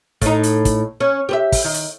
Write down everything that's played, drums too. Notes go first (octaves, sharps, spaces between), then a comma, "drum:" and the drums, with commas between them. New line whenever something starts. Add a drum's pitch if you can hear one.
A2 D#4, drum: kick, hi-hat
drum: hi-hat
drum: kick, hi-hat
C#4
G4 B4 E5
drum: kick, open hi-hat
D#3
drum: hi-hat